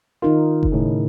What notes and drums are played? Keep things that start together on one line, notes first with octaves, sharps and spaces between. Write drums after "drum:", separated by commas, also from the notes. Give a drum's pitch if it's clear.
D#3 D#4 F4 A#4
drum: kick F#1
A2 C#3